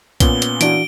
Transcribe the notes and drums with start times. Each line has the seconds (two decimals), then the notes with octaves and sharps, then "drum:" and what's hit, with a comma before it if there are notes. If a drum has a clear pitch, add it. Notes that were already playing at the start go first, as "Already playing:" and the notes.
0.20 A#2 B3 C#4 G7, drum: kick B1, hi-hat
0.42 drum: hi-hat
0.61 E3 D4 F#4 D7, drum: hi-hat